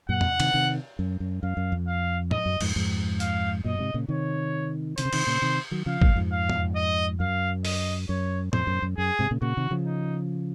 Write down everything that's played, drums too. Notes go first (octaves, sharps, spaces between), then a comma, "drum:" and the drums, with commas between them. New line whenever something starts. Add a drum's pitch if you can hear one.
F#2 A#2 F#5
drum: tom
C3 D#3, drum: cymbal
C3 D#3
F#2
F#2
F#2 F5
F#2
F2
F5
D#5, drum: tom A2
F#2
F2 G#2, drum: cymbal
F2 G#2
F5, drum: hi-hat
F#2 A#2 D#5
G#2 C3
A#2 C#3
C3 D#3 C#5
C3 D#3 C5, drum: hi-hat
C#3
C3 D#3, drum: cymbal
A#2 C#3
C3 D#3
D#3 F#3
C#3 F3 F5
F#2 A#2, drum: kick G#1
F2 G#2
F5
drum: tom
D#5
F#2 F5
D#5, drum: open hi-hat
F#2 C#5
F2 C5, drum: tom A2
F#2
F#2
F#2 G#4
G#2 C3
A#2 C#3
A#2 C#3 F#4
C3 D#3
C#3 F3
D#4